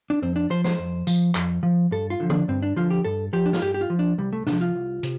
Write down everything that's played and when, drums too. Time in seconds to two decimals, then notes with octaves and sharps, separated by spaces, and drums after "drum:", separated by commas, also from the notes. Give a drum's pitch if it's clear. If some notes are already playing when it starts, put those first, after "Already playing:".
0.10 D4
0.22 F2 C4
0.36 D4
0.50 F3 C5
0.64 C5, drum: snare
0.78 F2
1.07 F3, drum: tambourine
1.35 F2, drum: clap
1.63 F3
1.91 G2 A4
2.10 F4
2.20 D3 F3
2.30 D4, drum: tom D3
2.48 G2 C4
2.63 D4
2.76 D3 F3 F4
2.90 G4
3.05 G2 A4
3.33 F3 G4
3.46 D4
3.53 F4, drum: snare
3.62 G2 G4
3.74 G4
3.81 F4
3.90 F3
3.99 D4
4.18 C2 G3
4.33 A3
4.47 C3 F3 D4, drum: snare
4.61 F4
4.75 C2
5.03 C3, drum: hi-hat